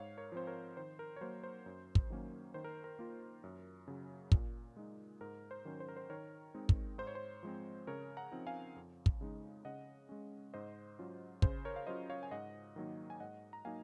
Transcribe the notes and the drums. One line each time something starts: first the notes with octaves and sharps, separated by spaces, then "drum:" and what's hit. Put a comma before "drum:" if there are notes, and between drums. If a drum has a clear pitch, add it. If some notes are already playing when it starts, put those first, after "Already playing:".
Already playing: G#2 C#5 F5
A#4 C#5
F3 C4 C5
A#4 C#5
D#3 C5
A#4
C#5
F#3 A#3 C5
C5
F#2
drum: kick
D#3 F#3 A#3 C#4
D#3 C5
A#4
A#4
A#3 F4
F#2
C#3 F#3
A#2, drum: kick
G#3 D#4
G#2 A#4
C5
D#3 F#3 C#4
C5
A#4
C5
D#3 A#4 C#5
G#3 C4 D#4
drum: kick
G#2 C5
C#5
C5
F3 G#3 C4
C#3 A#4 C#5
F#5 A#5
F3 C4 D#4
F5 G#5
F2
drum: kick
C#3 G#3 D#4
C#3 D#5 F#5
G#3 C#4
G#2 C5 D#5
F#3 C#4 F4
C#3 C5, drum: kick
A#4 C#5
F5
F#3 C#4 F4 C5 D#5
C#5 F5
G#5
G#2 D#5 F#5
D#3 F#3 A#3 D#4
G#5
G#2 D#5 F#5
A#5
F#3 A#3 D#4 F5 G#5